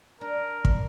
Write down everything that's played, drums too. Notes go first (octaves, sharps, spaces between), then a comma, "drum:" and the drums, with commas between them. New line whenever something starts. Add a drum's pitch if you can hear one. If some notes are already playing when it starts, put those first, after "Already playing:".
D4 A#4
drum: kick